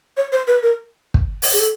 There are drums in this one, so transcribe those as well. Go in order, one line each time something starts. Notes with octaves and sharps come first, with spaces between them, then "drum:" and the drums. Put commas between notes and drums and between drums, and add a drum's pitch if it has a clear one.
C#5
C5
B4
A#4
drum: kick
drum: open hi-hat
G#4
A4